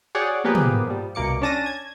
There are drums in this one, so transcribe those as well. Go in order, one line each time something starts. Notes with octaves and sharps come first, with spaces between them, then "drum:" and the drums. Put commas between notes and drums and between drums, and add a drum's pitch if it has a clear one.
F#4 G#4 C#5 D5 F#5 G5
F3 A#3 B3 G4 G#4 B4
drum: tom
F3 G3
C2 B2 A#3 D6 C#7
C#4 D4 A5 A#6 D#7
G#6